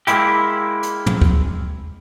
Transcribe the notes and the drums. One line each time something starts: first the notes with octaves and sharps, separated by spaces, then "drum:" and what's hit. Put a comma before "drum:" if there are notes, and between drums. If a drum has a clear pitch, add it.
G#3 A#3 E4 G4, drum: hi-hat
drum: hi-hat
drum: tom
drum: kick D2